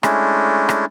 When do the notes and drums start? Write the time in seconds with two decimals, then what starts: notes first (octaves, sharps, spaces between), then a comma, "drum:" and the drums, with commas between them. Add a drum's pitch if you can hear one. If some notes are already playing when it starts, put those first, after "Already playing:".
0.03 G#3 A3 C#4 D4 E4, drum: rim click
0.69 drum: rim click